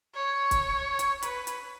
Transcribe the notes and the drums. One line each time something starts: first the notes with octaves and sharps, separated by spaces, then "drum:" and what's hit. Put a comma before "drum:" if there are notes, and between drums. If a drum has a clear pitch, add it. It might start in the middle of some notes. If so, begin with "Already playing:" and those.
C#5
drum: kick, hi-hat
drum: hi-hat
B4, drum: hi-hat
drum: hi-hat